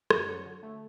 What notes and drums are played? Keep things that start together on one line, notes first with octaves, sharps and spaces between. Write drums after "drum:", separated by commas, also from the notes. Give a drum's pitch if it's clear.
F#2 C#5, drum: rim click
D5
F#3 C#5
D3
A3